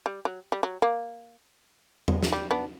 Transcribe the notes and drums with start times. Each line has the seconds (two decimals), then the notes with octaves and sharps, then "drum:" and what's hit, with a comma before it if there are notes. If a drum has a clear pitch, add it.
0.06 G3
0.25 F#3
0.52 G3
0.63 F#3
0.82 A#3
2.08 drum: tom E2
2.23 drum: snare
2.32 G3
2.51 B3 D4